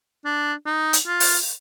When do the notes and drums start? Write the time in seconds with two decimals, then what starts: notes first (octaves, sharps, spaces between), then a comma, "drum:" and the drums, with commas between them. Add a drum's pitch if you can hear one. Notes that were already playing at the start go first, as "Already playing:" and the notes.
0.25 D4
0.66 D#4
0.93 drum: hi-hat
1.07 F4
1.20 drum: open hi-hat